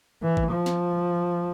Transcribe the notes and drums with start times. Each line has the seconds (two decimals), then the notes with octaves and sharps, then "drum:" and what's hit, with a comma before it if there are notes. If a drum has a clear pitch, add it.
0.22 E3
0.37 drum: kick G#1
0.52 F3
0.66 drum: snare